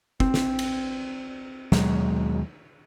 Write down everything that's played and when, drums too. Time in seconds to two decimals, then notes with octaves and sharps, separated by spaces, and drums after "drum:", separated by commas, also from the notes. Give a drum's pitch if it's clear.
0.20 C4, drum: kick
0.34 drum: snare
0.59 drum: cymbal
1.72 D#2 B2 F#3 G#3, drum: snare